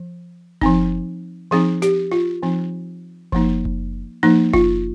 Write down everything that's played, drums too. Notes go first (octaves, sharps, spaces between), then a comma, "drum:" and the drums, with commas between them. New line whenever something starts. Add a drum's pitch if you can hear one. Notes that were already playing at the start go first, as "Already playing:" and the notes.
Already playing: F3
F3 C4 D#4, drum: kick F#1
F3 C4 D#4 G#4
G4, drum: snare
F4
F3 C4 D#4
F3 A#3 D#4, drum: kick F#1
drum: kick F#1
F3 A#3 D#4
F4, drum: kick F#1